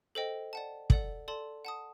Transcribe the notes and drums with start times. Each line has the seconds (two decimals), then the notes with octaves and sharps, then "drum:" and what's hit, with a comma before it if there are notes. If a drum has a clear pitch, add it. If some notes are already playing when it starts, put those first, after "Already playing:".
0.15 A4 C5 D#5 G5
0.53 D5 F#5 A5
0.90 A4 D5 F#5, drum: kick
1.28 A4 D5 A5 C6
1.65 F#5 A5 D#6